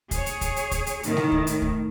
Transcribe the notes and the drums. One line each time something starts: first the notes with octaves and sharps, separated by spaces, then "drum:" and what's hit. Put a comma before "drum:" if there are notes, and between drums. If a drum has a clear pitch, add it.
G#4 C#5, drum: kick, hi-hat
drum: hi-hat
drum: kick, hi-hat
drum: hi-hat
drum: kick, hi-hat
drum: hi-hat
A2 D#3, drum: hi-hat
drum: snare G#3
drum: kick
drum: hi-hat
drum: kick